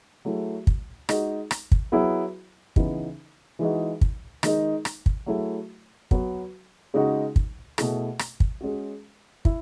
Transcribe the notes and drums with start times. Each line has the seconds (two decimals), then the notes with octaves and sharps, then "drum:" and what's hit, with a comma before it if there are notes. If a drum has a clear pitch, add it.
0.25 F#3 A3 E4 G#4
0.67 drum: kick
1.09 G#3 D#4 F#4, drum: rim click
1.51 drum: rim click
1.72 drum: kick
1.92 F#3 B3 E4 G#4
2.76 C#3 E3 B3 D#4, drum: kick
3.59 E3 G#3 D#4 F#4
4.01 drum: kick
4.43 D#3 G#3 D#4, drum: rim click
4.85 drum: rim click
5.06 drum: kick
5.26 F#3 A3 E4 G#4
6.11 F#3 B3 F#4, drum: kick
6.94 C#3 G#3 D#4 F#4
7.36 drum: kick
7.78 B2 A3 E4 G#4, drum: rim click
8.19 drum: rim click
8.40 drum: kick
8.61 G#3 C#4 F#4
9.45 E4, drum: kick